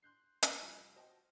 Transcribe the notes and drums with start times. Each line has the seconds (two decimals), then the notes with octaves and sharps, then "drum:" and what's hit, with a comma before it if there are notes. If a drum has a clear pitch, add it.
0.02 C6 F#6 G6 C7
0.43 drum: hi-hat
0.62 F1 F3 G3 F6
0.96 F#4 C5 D#5 G5 A5